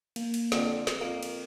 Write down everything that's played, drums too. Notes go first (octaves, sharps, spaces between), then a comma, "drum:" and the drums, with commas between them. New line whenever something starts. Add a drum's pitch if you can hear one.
A#3, drum: cymbal
drum: cymbal
F2 D3 C4, drum: snare
drum: snare
F2 A#3 A#4
drum: cymbal